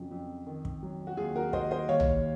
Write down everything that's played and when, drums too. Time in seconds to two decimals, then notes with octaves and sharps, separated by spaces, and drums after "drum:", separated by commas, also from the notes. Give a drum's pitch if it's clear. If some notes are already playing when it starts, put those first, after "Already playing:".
Already playing: F2 C#3 F#3
0.11 F2
0.47 D#3
0.65 drum: kick
0.83 F#3
1.07 F#4
1.17 D#2 F4 G#4
1.36 F#4 A#4
1.53 D#2 C5 D#5, drum: kick
1.71 C5 D#5
1.89 D#2 C#5 F5
2.00 drum: tom A#1